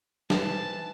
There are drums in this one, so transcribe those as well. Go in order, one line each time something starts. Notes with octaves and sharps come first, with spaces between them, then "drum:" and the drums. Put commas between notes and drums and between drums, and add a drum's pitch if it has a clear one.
E3 C5 A5, drum: snare